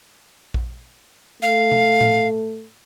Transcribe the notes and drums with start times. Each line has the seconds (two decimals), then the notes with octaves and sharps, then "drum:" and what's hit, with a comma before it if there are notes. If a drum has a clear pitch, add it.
0.54 drum: kick A#1
1.42 A3 F5
1.72 drum: tom B2
2.01 drum: tom A2